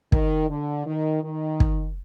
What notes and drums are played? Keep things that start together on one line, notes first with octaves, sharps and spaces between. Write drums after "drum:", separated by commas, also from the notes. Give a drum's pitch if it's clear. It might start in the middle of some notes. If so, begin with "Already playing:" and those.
D#3, drum: kick
D3
D#3
D#3
drum: kick